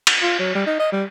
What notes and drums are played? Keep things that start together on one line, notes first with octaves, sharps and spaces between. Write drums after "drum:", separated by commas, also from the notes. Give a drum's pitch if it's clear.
drum: cymbal
F4
F#3
G3
D#4
D#5
G3